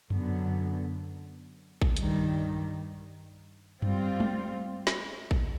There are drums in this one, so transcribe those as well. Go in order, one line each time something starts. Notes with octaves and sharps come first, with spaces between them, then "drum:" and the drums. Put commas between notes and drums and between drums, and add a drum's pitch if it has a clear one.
F#2 D3 F#3 B3, drum: tom F#2
drum: kick A#1
G2 D#3 G3, drum: hi-hat
G3 C4 F4, drum: tom F#2
drum: tom G#3
drum: snare
drum: kick A#1